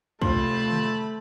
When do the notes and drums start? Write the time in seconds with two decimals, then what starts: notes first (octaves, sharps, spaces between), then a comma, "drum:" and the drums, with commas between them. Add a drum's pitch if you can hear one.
0.22 F1 F3 A3 C5 A5 B5 F#7, drum: kick
0.72 drum: tom D3